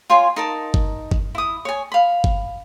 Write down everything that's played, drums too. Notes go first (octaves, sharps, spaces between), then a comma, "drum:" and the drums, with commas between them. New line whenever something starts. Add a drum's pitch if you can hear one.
F4 C#5 G#5 C6
D#4 A#4 A5
drum: kick G1
drum: kick G1
E4 D#6
C#5 G#5
F5 B5
drum: kick G1